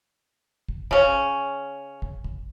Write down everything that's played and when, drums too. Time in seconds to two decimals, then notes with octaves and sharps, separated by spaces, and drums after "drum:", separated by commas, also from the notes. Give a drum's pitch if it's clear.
0.69 drum: kick
0.91 C#3 C#4, drum: kick
2.02 drum: kick
2.24 drum: kick